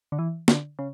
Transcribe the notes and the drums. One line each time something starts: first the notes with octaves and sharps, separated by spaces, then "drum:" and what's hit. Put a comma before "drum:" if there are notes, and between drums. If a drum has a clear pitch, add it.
D3
E3
D3, drum: snare
C#3